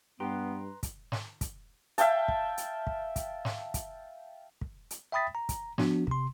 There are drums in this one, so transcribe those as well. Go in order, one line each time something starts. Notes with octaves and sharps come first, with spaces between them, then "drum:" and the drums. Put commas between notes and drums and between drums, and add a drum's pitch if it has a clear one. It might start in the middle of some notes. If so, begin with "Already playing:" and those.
G2 B3 G4 B4 A#5 C6
drum: kick, hi-hat
drum: snare
drum: kick, hi-hat
E5 F5 G5 A5, drum: hi-hat
drum: kick
drum: hi-hat
drum: kick
drum: kick, hi-hat
drum: snare
drum: kick, hi-hat
drum: kick
drum: hi-hat
E5 G5 B5 D#6 A6 B6
A#5
drum: kick, hi-hat
F3 B3 D4 F#4, drum: snare
C3 C6, drum: kick